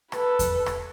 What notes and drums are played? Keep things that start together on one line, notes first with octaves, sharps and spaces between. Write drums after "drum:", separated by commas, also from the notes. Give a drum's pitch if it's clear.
A4 B4, drum: rim click
drum: kick E2, hi-hat
drum: rim click